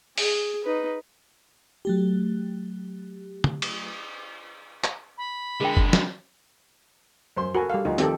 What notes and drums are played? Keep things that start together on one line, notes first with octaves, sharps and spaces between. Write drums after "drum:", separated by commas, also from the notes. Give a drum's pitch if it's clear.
G#4, drum: open hi-hat
D#4 B4
F#3 A3 G4
drum: tom
drum: cymbal
drum: clap
B5
D3 G#3 G#4 A#4 G5
drum: kick F#1
drum: snare
F#2 C5 C6
F#4 A4 A#4 G#5 B5
G3 A4 F5
D2 D#4 F4 F#4
D#3 F3 C4 G4 A4, drum: hi-hat